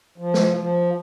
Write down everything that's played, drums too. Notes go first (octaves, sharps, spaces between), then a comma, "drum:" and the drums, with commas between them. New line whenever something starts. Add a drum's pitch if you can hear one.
F3
drum: snare
F3